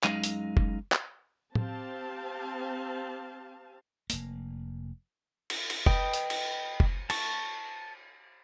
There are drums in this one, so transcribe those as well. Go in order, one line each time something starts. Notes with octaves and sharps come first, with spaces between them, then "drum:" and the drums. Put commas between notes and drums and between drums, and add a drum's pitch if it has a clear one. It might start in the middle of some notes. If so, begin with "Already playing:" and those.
F#2 G#3 D#4 F5, drum: clap
drum: hi-hat
drum: kick
drum: clap
C4 G4 F5 A5, drum: tom
F1 A#3, drum: hi-hat
drum: cymbal
drum: cymbal
B4 D#5 G5, drum: kick
drum: hi-hat
drum: cymbal
drum: kick
A5 C#6, drum: cymbal